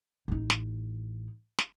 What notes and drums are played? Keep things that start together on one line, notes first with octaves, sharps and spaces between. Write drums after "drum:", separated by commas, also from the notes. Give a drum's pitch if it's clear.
A1 D#4
drum: snare
drum: snare